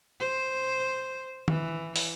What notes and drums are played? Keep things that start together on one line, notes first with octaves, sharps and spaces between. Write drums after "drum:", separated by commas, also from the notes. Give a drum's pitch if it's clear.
C5
E3, drum: tom D#3
drum: open hi-hat